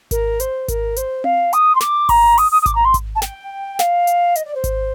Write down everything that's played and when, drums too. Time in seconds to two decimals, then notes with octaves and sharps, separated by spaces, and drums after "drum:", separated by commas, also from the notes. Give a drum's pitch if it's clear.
0.11 A#4, drum: kick G#1, hi-hat
0.40 C5, drum: hi-hat
0.68 A#4, drum: kick G#1, hi-hat
0.96 C5, drum: hi-hat
1.24 F5, drum: tom C4
1.53 D#6, drum: hi-hat
1.75 C6
1.81 D6, drum: snare
2.09 A#5, drum: kick G#1, open hi-hat
2.38 D#6, drum: open hi-hat
2.51 D#6
2.61 D#6
2.66 D6, drum: kick G#1, hi-hat
2.75 A#5
2.84 C6
2.94 drum: kick G#1, hi-hat
3.15 A5
3.22 G5, drum: snare
3.79 F5, drum: snare
4.07 drum: hi-hat
4.35 D#5, drum: hi-hat
4.45 D5
4.54 C5
4.64 drum: kick G#1, hi-hat